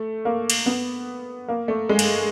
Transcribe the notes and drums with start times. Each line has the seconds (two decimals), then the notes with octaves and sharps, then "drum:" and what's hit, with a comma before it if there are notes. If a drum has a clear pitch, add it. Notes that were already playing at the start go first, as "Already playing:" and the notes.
Already playing: A3
0.25 A#3
0.50 drum: cymbal
0.66 B3
1.48 A#3
1.68 A3
1.89 G#3
1.99 drum: cymbal